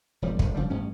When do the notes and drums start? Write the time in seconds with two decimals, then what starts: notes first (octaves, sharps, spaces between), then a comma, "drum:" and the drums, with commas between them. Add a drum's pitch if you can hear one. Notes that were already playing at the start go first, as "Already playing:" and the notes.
0.22 E1 F2 G3
0.39 G#1 G2 D3 D#3, drum: kick
0.54 C#3 F3 G3
0.70 A1 G2 C#4